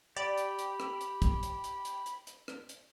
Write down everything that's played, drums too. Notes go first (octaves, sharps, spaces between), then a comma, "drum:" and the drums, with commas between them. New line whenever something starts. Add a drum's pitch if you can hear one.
G4 D5 B5
drum: hi-hat
drum: hi-hat
drum: rim click
drum: hi-hat
drum: kick, hi-hat
drum: hi-hat
drum: hi-hat
drum: hi-hat
drum: hi-hat
drum: hi-hat
drum: rim click
drum: hi-hat